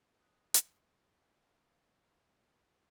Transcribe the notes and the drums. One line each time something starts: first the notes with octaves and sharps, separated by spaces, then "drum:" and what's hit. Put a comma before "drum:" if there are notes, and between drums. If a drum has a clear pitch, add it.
D#6 F#6
drum: hi-hat
A#3 F5